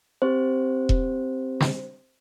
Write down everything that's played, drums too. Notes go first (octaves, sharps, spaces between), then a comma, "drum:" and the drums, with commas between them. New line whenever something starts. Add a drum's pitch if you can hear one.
C4 G4 C5
drum: kick E1
drum: snare